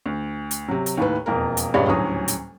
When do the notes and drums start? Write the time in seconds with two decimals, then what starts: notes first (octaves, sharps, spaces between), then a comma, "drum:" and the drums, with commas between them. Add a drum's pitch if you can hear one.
0.06 D2
0.51 drum: hi-hat
0.68 C3 F#3
0.86 drum: hi-hat
0.97 D#2 A2 B4
1.26 E1 F2 A#3 A#4
1.57 drum: hi-hat
1.74 E1 C#2 G2 C#5 D5 B5
1.87 D#1 D2 A2 F#3 C#4 D#6
2.28 drum: hi-hat